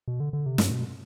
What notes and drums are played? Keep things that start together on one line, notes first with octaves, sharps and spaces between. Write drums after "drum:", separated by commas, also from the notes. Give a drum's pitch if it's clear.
B2
D3
D3
C3
G2, drum: snare
B2